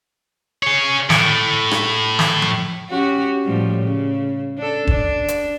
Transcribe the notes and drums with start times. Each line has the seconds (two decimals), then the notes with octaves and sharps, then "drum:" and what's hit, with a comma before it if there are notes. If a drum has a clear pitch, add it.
0.63 G#4 C#5
1.10 A2, drum: snare
1.71 drum: rim click
2.19 drum: snare
2.42 drum: tom F3
2.90 C#4 F#4 G4
3.44 A2 F3 G3
3.82 C#3
4.57 D4 A4
4.87 D4, drum: kick E1
5.28 drum: hi-hat